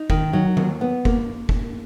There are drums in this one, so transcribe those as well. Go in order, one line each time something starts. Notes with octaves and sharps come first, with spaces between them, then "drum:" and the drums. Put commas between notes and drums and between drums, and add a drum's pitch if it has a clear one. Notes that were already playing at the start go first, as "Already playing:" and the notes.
Already playing: D#4
D#3, drum: kick
F#3
D#2, drum: tom D#3
B3
A#3, drum: kick
drum: kick